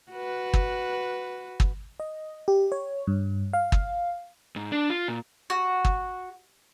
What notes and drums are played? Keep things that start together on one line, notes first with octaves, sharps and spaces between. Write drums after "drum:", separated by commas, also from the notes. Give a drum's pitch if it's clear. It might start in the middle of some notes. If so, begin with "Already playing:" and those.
F#4 B4
drum: kick
drum: kick
D#5
G4
C#5
G2
F5
drum: kick
G#2
D4
F4
A#2
F#4
drum: kick